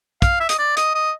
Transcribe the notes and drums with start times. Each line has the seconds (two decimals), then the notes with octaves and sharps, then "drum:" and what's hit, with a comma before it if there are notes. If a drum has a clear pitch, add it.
0.22 F5, drum: kick, hi-hat
0.40 E5
0.49 D#5, drum: hi-hat
0.59 D5
0.77 D#5, drum: hi-hat
0.95 D#5